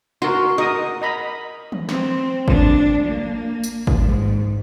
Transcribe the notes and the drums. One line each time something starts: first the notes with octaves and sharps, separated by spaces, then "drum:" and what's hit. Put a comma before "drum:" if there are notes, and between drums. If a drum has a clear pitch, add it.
F#4 A#4 C6
A#4 D#5 D#6
D#5 A#5 B5
drum: tom
C4, drum: snare
D4, drum: kick G#1
A#3
drum: tambourine
drum: kick G#1
G#2